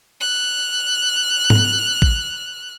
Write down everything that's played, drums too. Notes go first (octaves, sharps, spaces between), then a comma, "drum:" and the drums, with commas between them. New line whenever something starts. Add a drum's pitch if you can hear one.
F6 F#6
drum: tom G#2
drum: kick A1